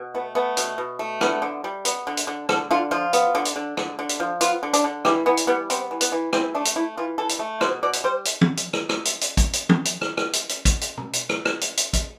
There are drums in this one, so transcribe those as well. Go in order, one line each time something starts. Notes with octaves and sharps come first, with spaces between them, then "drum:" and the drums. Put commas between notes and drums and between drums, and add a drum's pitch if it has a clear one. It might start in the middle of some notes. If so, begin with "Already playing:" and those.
Already playing: B2
A3 B3
A3 B3
B2, drum: hi-hat
B2
A3
D3 B3, drum: rim click
D3
G3
B3, drum: hi-hat
D3
drum: hi-hat
D3
D3 A4, drum: rim click
D3 F4
F3 F4
B3, drum: hi-hat
D3
drum: hi-hat
D3
D3, drum: rim click
D3
drum: hi-hat
F3
B3 F4, drum: hi-hat
D3
D4, drum: hi-hat
D3
E3 G4, drum: rim click
E3 B3
drum: hi-hat
G3 B3
B3 C4, drum: hi-hat
E3
B3, drum: hi-hat
E3
E3 C4, drum: rim click
A3 D4
drum: hi-hat
A3 E4
E3 F4
E3 A4
drum: hi-hat
A3
B2 C5, drum: rim click
B2 D5
drum: hi-hat
G3 C5
drum: hi-hat
drum: tom
drum: hi-hat
drum: rim click
drum: rim click
drum: hi-hat
drum: hi-hat
drum: kick, hi-hat
drum: hi-hat
drum: tom
drum: hi-hat
drum: rim click
drum: rim click
drum: hi-hat
drum: hi-hat
drum: kick, hi-hat
drum: hi-hat
drum: tom
drum: hi-hat
drum: rim click
drum: rim click
drum: hi-hat
drum: hi-hat
drum: kick, hi-hat